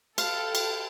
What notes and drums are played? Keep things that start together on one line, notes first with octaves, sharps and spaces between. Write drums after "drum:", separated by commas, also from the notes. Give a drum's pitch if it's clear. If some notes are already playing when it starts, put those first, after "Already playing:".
A4 F5 G5, drum: cymbal
drum: cymbal